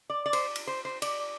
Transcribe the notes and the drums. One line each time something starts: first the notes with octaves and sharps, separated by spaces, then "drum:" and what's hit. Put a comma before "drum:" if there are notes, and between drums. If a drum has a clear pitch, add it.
D5
D5
C5, drum: cymbal
drum: cymbal
C5
C5
D5, drum: cymbal